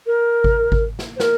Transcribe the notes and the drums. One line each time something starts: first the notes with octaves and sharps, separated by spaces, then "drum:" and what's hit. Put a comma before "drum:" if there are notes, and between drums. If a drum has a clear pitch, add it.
A#4
drum: kick G#1
drum: kick G#1
drum: snare
C5
A#4, drum: snare